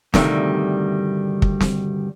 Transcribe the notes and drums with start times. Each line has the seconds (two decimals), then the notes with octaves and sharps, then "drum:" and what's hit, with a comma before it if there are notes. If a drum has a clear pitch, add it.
0.14 D2 G2 C3 D#3 G3 A3, drum: snare
1.42 drum: kick
1.61 drum: snare